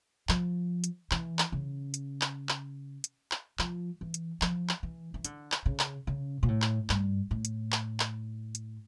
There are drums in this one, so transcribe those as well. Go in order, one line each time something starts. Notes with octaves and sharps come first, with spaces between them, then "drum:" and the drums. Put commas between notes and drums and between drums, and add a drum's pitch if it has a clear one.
F3, drum: clap
drum: hi-hat
E3, drum: clap
drum: clap
C#3
drum: hi-hat
drum: clap
drum: clap
drum: hi-hat
drum: clap
F3, drum: clap
E3
drum: hi-hat
F3, drum: clap
drum: clap
E3
E3
D3, drum: hi-hat
drum: clap
C#3
drum: clap
C#3
A#2
A2
drum: clap
G2, drum: clap
A2
drum: hi-hat
drum: clap
drum: clap
drum: hi-hat